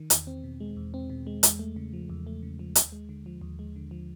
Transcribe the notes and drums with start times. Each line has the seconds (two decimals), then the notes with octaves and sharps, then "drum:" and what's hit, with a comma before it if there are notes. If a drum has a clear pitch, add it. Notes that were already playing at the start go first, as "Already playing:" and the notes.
Already playing: D#3
0.10 E2, drum: hi-hat
0.27 C4
0.44 B2
0.60 G#3
0.77 E2
0.94 C4
1.10 B2
1.27 G#3
1.43 E2, drum: hi-hat
1.59 A3
1.76 C#3
1.93 F3
2.10 E2
2.27 A3
2.42 C#3
2.59 F3
2.75 D#2, drum: hi-hat
2.92 G#3
3.09 D3
3.26 F3
3.41 D#2
3.59 G#3
3.76 D3
3.91 F3